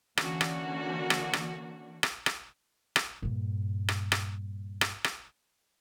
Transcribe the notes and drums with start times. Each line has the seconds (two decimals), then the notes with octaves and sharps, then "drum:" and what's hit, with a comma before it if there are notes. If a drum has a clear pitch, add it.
0.17 D3 E3 A#3 C#4 D4 F#4, drum: rim click
0.41 drum: rim click
1.10 drum: rim click
1.33 drum: rim click
2.03 drum: rim click
2.26 drum: rim click
2.96 drum: rim click
3.22 G2 A#2
3.88 drum: rim click
4.12 drum: rim click
4.81 drum: rim click
5.04 drum: rim click